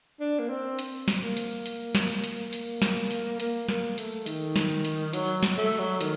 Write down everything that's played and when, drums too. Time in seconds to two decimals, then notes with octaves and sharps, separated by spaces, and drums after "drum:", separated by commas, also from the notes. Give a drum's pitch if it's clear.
0.20 D4
0.39 A#3
0.49 C4
0.79 drum: hi-hat
1.08 drum: snare
1.23 A#3
1.37 drum: hi-hat
1.66 drum: hi-hat
1.95 drum: snare
2.24 drum: hi-hat
2.53 drum: hi-hat
2.82 drum: snare
3.11 drum: hi-hat
3.40 A#3, drum: hi-hat
3.69 A#3, drum: snare
3.98 A3, drum: hi-hat
4.26 D#3, drum: hi-hat
4.56 drum: snare
4.85 drum: hi-hat
5.13 F#3, drum: hi-hat
5.43 drum: snare
5.57 A3
5.79 F#3
6.01 D#3, drum: hi-hat